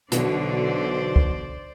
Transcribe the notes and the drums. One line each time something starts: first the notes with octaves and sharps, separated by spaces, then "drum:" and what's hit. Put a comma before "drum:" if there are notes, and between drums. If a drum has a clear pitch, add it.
B1 B2 D3 E3 C5 D5, drum: hi-hat
drum: kick